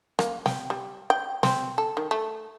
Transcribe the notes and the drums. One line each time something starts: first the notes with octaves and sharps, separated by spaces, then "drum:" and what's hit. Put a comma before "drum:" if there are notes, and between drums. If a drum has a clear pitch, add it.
A#3, drum: rim click
G5, drum: snare
G3
G5
C4, drum: snare
A4
D#3
A3